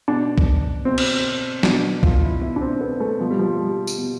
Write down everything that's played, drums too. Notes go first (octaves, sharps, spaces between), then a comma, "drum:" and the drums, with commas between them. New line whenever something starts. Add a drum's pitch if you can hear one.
B2 D4
drum: kick B1
B2 C4
drum: cymbal
B2 D4, drum: snare
F4, drum: kick B1
E4
B2 E4
D4
C4
B3
A3
B2 F3
G3
F3
G3
drum: tambourine
B2